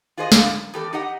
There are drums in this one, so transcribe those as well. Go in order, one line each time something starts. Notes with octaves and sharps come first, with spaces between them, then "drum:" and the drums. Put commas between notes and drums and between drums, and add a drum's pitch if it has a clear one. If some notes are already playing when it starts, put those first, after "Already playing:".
F4 F#4 G#4 C5 C#5 D#5
B2 D3 G#4 F5, drum: snare
F#2
E2 G4 A4
D#4 G4 D#5 F#5